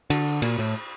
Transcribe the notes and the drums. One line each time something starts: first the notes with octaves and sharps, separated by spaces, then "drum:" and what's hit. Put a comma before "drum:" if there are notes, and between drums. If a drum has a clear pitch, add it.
D3, drum: cymbal
A#2, drum: cymbal
A2